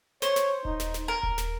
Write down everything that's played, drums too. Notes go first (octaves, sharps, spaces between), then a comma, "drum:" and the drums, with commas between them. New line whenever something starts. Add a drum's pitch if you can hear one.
C5 C#5, drum: snare
drum: snare
D#4, drum: kick D#1
drum: snare
drum: snare
A#4
drum: kick D#1
drum: snare